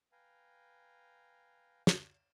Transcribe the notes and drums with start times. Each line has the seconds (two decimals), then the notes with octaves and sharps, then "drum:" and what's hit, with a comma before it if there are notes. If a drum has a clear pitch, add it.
0.12 B4 F5 G5 G#5 A#5
1.87 drum: snare